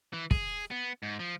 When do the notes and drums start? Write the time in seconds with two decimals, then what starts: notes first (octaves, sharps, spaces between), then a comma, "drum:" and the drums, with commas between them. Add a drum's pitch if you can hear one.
0.13 E3
0.31 G#4, drum: kick
0.71 B3
1.03 G#2
1.19 F3